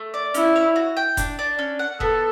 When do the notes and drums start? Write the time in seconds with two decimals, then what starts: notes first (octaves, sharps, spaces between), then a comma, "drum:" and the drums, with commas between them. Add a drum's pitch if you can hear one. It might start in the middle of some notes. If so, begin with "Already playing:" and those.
Already playing: A3
0.14 D5
0.34 C#4 E4, drum: hi-hat
0.56 C#5
0.76 F#4
0.97 G5
1.17 D4, drum: kick F1, hi-hat
1.39 D4
1.59 C#4
1.79 F#5
2.00 B3 A4, drum: kick F1